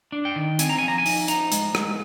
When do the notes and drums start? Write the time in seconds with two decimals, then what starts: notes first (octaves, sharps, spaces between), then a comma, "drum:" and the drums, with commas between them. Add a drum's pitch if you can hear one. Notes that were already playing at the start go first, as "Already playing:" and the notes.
0.12 D4
0.25 G5
0.36 D#3
0.59 C4 G#5, drum: hi-hat
0.69 A#5
0.78 F3 G#5
0.88 A#5
0.98 G#5
1.06 D#4, drum: open hi-hat
1.28 F3 A#5, drum: hi-hat
1.52 G#3, drum: hi-hat
1.75 G#3, drum: rim click